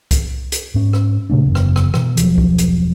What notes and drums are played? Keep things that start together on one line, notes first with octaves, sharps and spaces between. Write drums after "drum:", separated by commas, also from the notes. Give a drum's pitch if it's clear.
drum: kick C2, hi-hat
drum: hi-hat
G#2 C#4
drum: rim click
A#2 C#3 A3 D4
F#1 E2
drum: rim click
drum: rim click
B2 E3, drum: rim click
E1 F3 F#3, drum: hi-hat
drum: kick C2
drum: hi-hat